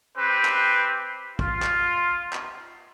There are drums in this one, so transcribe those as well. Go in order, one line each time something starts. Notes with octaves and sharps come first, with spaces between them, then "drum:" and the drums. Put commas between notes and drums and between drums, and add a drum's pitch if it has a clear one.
C4 G4 B4
drum: clap
F4, drum: kick
drum: clap
drum: clap